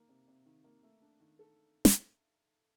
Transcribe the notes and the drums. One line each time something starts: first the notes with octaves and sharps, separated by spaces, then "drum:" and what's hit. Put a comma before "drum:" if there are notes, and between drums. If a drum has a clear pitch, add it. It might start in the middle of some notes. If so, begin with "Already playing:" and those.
Already playing: D#3 A#3
C3
C3
D#3
A#3
A3
D4
D#3
A4
drum: snare